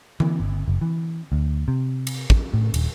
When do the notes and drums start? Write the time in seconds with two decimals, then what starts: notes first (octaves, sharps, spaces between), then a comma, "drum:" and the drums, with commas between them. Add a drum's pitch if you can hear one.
0.20 E3, drum: tom D3
0.40 G1
0.68 F#1
0.81 E3
1.32 D2
1.68 C3
2.07 drum: cymbal
2.30 drum: kick
2.54 A2
2.74 D#1, drum: cymbal